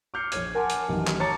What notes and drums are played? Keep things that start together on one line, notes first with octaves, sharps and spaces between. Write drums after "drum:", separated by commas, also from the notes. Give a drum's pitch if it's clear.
D6 F6 G6 C7 C#7
A#1 C#5 G#6, drum: hi-hat
A#4 F#5 G#5 A5 C6 D6
drum: hi-hat
A1 F#2 D#3
drum: clap
C#5 A5 A#5 D6 A6 C#7